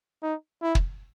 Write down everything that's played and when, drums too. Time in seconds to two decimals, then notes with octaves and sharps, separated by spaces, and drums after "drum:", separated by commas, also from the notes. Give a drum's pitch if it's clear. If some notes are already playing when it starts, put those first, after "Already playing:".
0.22 D#4
0.62 E4
0.75 drum: kick